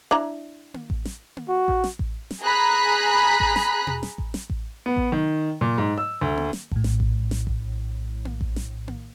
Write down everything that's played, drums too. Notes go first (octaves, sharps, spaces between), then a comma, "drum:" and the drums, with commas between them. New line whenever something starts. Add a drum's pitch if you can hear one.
D4 E4 A#5
drum: tom A#3
drum: kick A1
drum: snare
drum: tom A#3
F#4
drum: kick A1
drum: snare
drum: kick A1
drum: snare
G#4 A#5 B5 F#6
drum: kick A1
drum: snare
drum: tom
drum: snare
drum: kick A1
drum: snare
drum: kick A1
B3
drum: kick A1
D#3
A#2
G#2
E6
D2
drum: tom A#3
drum: snare
A#1 A2, drum: kick A1
drum: snare
drum: kick A1
drum: snare
drum: kick A1
drum: tom A#3
drum: kick A1
drum: snare
drum: tom A#3